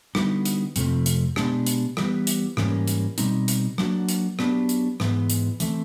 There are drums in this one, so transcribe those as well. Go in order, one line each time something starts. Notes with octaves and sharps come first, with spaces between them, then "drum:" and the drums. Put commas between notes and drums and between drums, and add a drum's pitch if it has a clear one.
D3 G3 B3 D#4 F#4, drum: rim click
drum: hi-hat
F2 C3 F3 A3 C4, drum: hi-hat
drum: hi-hat
B2 G#3 B3 D4 G4, drum: rim click
drum: hi-hat
E3 G3 B3, drum: rim click
drum: hi-hat
G#2 E3 G3 A#3 C#4, drum: rim click
drum: hi-hat
B2 G3 C4 D#4, drum: hi-hat
drum: hi-hat
F#3 A#3 D4 F#4, drum: rim click
drum: hi-hat
F#3 B3 D4 G4, drum: rim click
drum: hi-hat
G#2 E3 G#3 B3, drum: rim click
drum: hi-hat
E3 A3 C4, drum: hi-hat